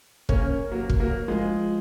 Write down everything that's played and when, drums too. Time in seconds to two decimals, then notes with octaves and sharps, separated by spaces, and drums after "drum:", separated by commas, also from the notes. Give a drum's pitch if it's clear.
0.29 A#3 C#4, drum: kick
0.72 F#3 A#3
0.90 drum: kick
1.00 F#3 A#3
1.28 F3 G#3